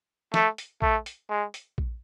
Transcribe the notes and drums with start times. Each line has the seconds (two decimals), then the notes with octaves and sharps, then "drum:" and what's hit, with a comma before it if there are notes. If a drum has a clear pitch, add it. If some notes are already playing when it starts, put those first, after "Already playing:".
0.34 A3, drum: snare
0.58 drum: hi-hat
0.82 A3, drum: kick A#1
1.06 drum: hi-hat
1.30 G#3
1.54 drum: hi-hat
1.78 drum: kick A#1